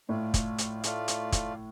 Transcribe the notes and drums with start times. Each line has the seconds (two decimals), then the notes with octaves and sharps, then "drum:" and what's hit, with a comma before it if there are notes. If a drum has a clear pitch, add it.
0.08 A2 A3 F4 D5 F5
0.34 drum: kick, hi-hat
0.58 drum: hi-hat
0.84 A3 F4 D5 F5, drum: hi-hat
1.08 drum: hi-hat
1.32 drum: kick, hi-hat